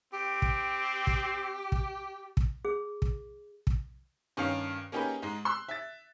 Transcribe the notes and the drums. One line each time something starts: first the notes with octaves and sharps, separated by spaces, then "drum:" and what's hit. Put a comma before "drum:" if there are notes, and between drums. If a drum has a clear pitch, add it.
C4 G4
drum: kick
drum: kick
drum: kick
drum: kick
G#4
drum: kick
drum: kick
G2 D#3 C#4 F5 C7 F7
A#3 C#4 D#4 G4 G#4 B4
G#2 G#3
C6 E6 F#6
E5 A6